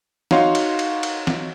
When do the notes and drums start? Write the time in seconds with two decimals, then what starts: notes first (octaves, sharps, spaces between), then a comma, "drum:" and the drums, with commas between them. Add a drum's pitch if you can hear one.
0.31 D#4 F#4 C#5 F5 C6, drum: snare
0.55 drum: cymbal
0.79 drum: cymbal
1.03 drum: cymbal
1.27 drum: snare